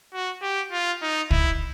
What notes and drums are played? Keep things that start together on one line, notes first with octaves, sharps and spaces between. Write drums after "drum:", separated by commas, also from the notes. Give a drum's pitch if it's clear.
F#4
G4
F4
D#4
E4, drum: kick